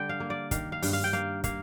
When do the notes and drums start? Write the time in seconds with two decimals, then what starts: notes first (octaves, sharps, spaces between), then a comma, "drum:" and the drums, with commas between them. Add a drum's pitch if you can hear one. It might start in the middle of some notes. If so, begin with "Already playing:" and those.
Already playing: D3 G3 G5
0.09 F5
0.20 A#3
0.30 D5
0.51 D#3 F5, drum: kick, hi-hat
0.72 F5
0.82 G2, drum: open hi-hat
0.93 F5
1.04 G5
1.13 A#3 F5
1.44 A#3 F5, drum: kick, hi-hat